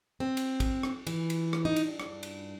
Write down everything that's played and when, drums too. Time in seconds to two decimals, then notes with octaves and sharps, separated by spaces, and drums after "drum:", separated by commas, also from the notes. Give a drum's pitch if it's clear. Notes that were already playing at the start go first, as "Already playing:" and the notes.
0.20 C4
0.37 drum: cymbal
0.60 drum: kick, cymbal
0.83 drum: rim click
1.07 E3, drum: cymbal
1.30 drum: cymbal
1.53 drum: rim click
1.65 D#4
1.76 drum: cymbal
1.86 G2
2.00 drum: rim click
2.23 drum: cymbal